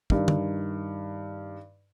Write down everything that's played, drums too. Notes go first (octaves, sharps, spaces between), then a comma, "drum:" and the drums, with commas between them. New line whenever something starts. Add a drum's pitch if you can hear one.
G2 D#3, drum: kick
drum: tom